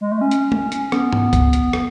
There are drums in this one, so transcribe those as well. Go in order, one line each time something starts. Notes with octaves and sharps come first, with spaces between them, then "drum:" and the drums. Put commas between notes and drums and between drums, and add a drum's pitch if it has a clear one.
G#3
A3
C#4
drum: hi-hat
drum: tom
C#4, drum: hi-hat
B3, drum: rim click
drum: tom G#2
drum: kick C#2, hi-hat
drum: hi-hat
drum: rim click